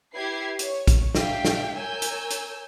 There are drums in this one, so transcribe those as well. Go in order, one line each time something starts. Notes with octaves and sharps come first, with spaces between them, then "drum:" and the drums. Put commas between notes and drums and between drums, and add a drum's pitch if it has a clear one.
E4 G4 B4 G#6 C7
C#5, drum: hi-hat
drum: kick, hi-hat
D4 E5 F5 G5, drum: snare
drum: snare
A#4 C#5 G#5 E6 G6
drum: hi-hat
drum: hi-hat